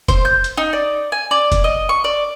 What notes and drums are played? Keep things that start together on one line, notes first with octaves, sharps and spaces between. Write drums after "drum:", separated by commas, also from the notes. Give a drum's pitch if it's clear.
C5, drum: kick F1, hi-hat
G6
drum: hi-hat
D#4
D5
G#5
D5
drum: kick F1, hi-hat
D#5
C#6
D5